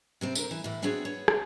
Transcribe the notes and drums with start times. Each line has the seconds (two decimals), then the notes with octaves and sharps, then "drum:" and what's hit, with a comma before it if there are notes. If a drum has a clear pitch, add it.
0.21 C3 G3 C4
0.35 D3 A#4, drum: tambourine
0.51 E3
0.64 A2 E3
0.82 B3 C4 D4 F#4 G#4 C#5
1.05 B3 C#5
1.28 drum: rim click